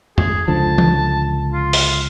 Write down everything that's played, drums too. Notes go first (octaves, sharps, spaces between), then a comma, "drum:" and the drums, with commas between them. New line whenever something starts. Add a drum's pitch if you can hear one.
G#4, drum: tom F2
C#2 D3 F3 A5
drum: tom E3
F4
drum: open hi-hat